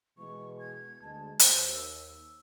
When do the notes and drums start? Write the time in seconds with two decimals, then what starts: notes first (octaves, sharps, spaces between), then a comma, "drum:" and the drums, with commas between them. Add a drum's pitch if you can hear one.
0.18 B2 E3 G#3 C#6
0.60 G#6
1.02 D2 G#3 A5
1.39 D#2 C5, drum: hi-hat
1.74 E6